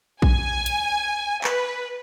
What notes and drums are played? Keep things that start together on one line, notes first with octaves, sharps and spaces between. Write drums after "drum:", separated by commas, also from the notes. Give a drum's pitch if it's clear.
G#5, drum: kick A#1
drum: hi-hat
B4, drum: clap